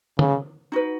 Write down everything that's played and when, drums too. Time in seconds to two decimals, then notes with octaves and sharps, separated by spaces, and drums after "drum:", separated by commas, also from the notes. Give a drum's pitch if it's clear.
0.19 C#3, drum: tom
0.72 D#4 F#4 B4